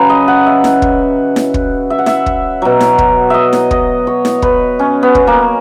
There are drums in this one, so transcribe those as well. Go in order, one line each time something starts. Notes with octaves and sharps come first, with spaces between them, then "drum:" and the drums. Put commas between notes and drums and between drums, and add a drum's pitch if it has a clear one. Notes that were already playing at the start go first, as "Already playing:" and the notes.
Already playing: C#3 F#3 B4
D#5
F#5
E5
drum: snare E4
drum: kick
drum: snare E4
drum: kick
E5
F#5
E5, drum: snare E4
drum: kick
B2 F#3
drum: snare E4
drum: kick
D#5 E5
drum: snare E4
D#5, drum: kick
C#5
drum: snare E4
B4, drum: kick
C#4
B3
drum: kick
A#3